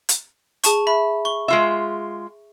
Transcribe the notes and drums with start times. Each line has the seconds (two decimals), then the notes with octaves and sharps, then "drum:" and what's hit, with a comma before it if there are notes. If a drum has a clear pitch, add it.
0.09 drum: hi-hat
0.64 G#4 A5 C#6, drum: hi-hat
0.87 E5 B5
1.25 C#6 G7
1.48 G#3 F4 E5